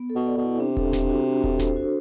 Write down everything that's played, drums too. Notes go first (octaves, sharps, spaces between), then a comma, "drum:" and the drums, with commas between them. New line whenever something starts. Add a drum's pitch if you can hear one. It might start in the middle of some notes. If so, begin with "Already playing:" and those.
Already playing: B3
A4
B2
D5
B2
E4
C3 D4
A4, drum: kick D#1
D4, drum: snare E1
F#4
D4
A4, drum: kick D#1
C5, drum: snare E1
F#4